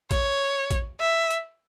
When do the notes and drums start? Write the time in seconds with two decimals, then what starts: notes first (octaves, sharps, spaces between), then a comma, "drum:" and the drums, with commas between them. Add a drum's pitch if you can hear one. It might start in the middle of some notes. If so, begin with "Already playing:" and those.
0.11 C#5, drum: kick, hi-hat
0.71 drum: kick, hi-hat
1.00 E5
1.31 drum: hi-hat